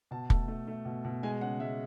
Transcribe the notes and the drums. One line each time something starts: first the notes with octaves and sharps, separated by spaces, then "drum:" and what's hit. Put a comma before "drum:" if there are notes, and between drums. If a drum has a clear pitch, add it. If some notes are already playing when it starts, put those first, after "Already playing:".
B2 A5
A3, drum: kick
A3
A3
B2
B2
G#3 G#5
C#3 F#5
G#3 E5